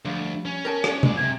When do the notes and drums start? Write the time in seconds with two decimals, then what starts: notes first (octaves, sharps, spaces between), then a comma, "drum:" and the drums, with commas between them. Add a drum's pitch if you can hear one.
0.05 D2 F3 G3
0.45 C#4
0.65 A#4 G5 A5
0.84 D4, drum: rim click
1.03 F#2 F3 G#3 D5, drum: tom
1.17 D2 C3 G#6